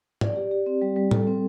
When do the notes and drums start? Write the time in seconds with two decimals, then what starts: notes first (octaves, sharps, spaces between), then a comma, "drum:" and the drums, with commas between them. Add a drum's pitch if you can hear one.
0.21 D5, drum: tom
0.36 G4
0.51 G4
0.66 C4
0.82 G3
0.96 G3
1.11 A4, drum: tom
1.27 C4